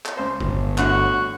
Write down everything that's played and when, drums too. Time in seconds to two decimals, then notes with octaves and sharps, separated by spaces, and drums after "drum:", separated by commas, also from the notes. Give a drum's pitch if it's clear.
0.06 drum: clap
0.17 C#2 C5
0.40 G1, drum: kick
0.78 A2 D3 F#4 F#6, drum: clap